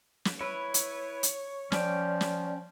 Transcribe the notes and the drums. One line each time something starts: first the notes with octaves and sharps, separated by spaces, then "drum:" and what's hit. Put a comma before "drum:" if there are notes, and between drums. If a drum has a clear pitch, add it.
drum: snare
E4 B4 C#5
drum: hi-hat
drum: hi-hat
F3 C#4 D5 G5, drum: snare
drum: snare